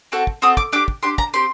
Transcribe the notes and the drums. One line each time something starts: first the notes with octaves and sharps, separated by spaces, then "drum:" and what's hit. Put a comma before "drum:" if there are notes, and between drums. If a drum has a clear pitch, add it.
C4 F#4 A4
drum: kick
C4 F#4 A4 D#6
D6, drum: kick
D4 G4 D6
drum: kick
D4 G4 C6
A#5, drum: kick
C4 G4 C6